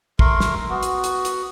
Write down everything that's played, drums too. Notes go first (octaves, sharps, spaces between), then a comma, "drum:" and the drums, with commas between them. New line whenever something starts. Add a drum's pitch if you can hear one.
A3 A#4 C6, drum: kick
drum: snare
B3 F#4
drum: hi-hat
drum: hi-hat
drum: hi-hat